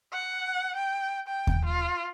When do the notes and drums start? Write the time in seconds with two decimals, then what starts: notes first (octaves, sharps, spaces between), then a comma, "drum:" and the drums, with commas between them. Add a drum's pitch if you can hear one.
0.13 F#5
0.76 G5
1.28 G5
1.47 drum: kick D#2
1.65 F4